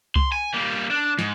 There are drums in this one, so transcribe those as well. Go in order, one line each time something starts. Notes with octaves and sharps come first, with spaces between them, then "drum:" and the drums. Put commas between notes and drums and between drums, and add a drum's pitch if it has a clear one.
C6, drum: kick C2
G#5
G3 A#3
D4
G#2, drum: snare